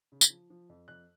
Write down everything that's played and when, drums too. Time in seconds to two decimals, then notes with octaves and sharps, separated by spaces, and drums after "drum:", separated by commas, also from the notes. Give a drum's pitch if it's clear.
0.12 C#3
0.21 drum: tambourine
0.30 F3
0.50 F3
0.69 F2
0.88 F2 F#6